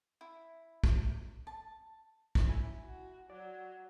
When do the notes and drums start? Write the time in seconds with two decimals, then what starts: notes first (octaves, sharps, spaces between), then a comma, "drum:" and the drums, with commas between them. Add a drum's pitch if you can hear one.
0.21 E4
0.84 drum: kick
1.47 A5
2.35 drum: kick
2.49 E4 G#5 B5
2.86 F#4
3.30 F#3 D5